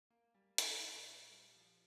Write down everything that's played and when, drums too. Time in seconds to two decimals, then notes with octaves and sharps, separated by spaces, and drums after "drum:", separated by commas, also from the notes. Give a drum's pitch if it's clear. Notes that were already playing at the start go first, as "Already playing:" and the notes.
0.10 A#3
0.34 G3
0.58 A#2, drum: hi-hat
0.83 A#2
1.06 A#2
1.30 G3
1.55 F3